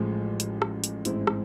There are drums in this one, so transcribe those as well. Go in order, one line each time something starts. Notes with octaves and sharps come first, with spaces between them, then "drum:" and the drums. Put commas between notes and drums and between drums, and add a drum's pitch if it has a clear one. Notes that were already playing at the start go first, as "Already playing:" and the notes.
Already playing: A1 A2 F3 G#3
drum: hi-hat
drum: rim click
drum: hi-hat
A1 G#2 G#3 C4 E4, drum: hi-hat
drum: rim click